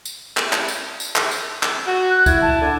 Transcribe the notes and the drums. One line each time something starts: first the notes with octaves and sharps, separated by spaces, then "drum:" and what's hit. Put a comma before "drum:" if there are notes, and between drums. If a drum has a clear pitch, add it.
drum: tambourine
drum: clap
drum: clap
drum: tambourine
drum: tambourine
drum: clap
drum: tambourine
drum: clap
F#4
F#6
E4 G#6, drum: kick C#2, tambourine
A5
D3